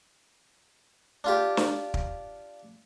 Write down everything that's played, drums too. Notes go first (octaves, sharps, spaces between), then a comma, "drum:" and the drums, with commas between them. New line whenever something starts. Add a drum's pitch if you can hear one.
D4 F4 G4
drum: snare
drum: kick